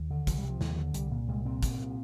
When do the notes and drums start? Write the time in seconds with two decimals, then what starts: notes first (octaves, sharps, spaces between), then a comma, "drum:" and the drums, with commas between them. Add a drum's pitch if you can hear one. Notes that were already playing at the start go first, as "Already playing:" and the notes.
Already playing: D#2
0.11 D3
0.27 C2 F3, drum: kick, hi-hat
0.38 G3
0.43 C3
0.49 F3
0.61 D#2, drum: snare
0.78 D3
0.94 C2 G3, drum: hi-hat
1.11 A#2
1.28 C2 G#3
1.45 A#2 C4
1.63 C2, drum: kick, hi-hat
1.79 A#2